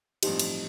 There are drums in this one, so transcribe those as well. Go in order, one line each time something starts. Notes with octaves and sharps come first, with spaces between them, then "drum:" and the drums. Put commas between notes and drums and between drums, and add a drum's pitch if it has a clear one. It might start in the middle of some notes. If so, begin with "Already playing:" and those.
A1 G2 F3 C4 D#4 G4, drum: cymbal
drum: cymbal